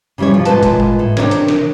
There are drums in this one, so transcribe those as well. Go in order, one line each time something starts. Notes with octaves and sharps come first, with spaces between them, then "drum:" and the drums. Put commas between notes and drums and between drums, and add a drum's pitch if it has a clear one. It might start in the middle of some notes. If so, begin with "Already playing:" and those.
C#3 E3 G3 E4 C#5
C3 F3
A#2 G#3 F4 B4 A5, drum: hi-hat
drum: kick G1, hi-hat
drum: tom A2
A2
C3 C4 D4 A#4 C#5, drum: snare
drum: hi-hat
drum: snare